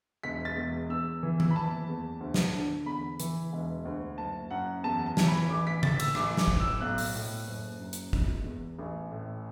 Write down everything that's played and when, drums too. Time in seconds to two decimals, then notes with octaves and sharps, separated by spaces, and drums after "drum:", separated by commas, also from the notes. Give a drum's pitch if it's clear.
0.24 E1 B6
0.45 A6
0.56 E2
0.89 E2 E6
1.23 E3
1.40 drum: tom D#3
1.51 B5
1.56 F#1 A5
1.88 E2
2.20 D2
2.34 drum: snare
2.54 D3
2.86 E2 B5
3.20 E3, drum: hi-hat
3.53 E1
3.85 D2
4.18 F#1 A5
4.51 F#2 F#5
4.84 E2 A5
5.06 A5
5.17 E3, drum: snare
5.28 B5
5.50 A1 D6
5.67 B6
5.83 A2 A6, drum: tom C#3
6.00 E6, drum: cymbal
6.15 A1 D6, drum: rim click
6.37 D6, drum: snare
6.48 A2, drum: kick
6.60 E6
6.81 B1 F#6
6.98 drum: open hi-hat
7.15 A2
7.47 F#1
7.79 F#2
7.93 drum: hi-hat
8.13 E1, drum: kick
8.46 E2
8.79 A1
9.11 A2